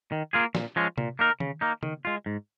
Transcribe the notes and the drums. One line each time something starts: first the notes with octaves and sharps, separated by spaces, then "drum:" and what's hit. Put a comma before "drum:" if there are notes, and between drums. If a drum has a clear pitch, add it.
D#3
A#3 F4 G#4
A#2, drum: snare
F3 G#3 C#4
A#2, drum: tom C3
A#3 D#4 A#4
C#3, drum: tom D#3
A#3 D#4
D#3, drum: tom
G#3 F4
G#2